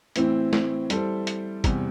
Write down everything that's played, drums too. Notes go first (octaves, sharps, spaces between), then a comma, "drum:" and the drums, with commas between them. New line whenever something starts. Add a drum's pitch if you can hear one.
A2 E3 C4 E4, drum: hi-hat
drum: snare
G3 E4 A4 C5, drum: hi-hat
drum: hi-hat
E2 C3 G3, drum: kick, hi-hat